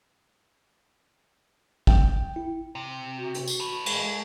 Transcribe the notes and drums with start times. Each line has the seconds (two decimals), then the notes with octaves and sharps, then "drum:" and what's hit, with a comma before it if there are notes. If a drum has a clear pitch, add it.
1.87 G5, drum: kick
2.36 E4
2.75 C3
3.18 F#4
3.34 drum: hi-hat
3.48 drum: tambourine
3.60 A4 B4
3.86 G#3, drum: cymbal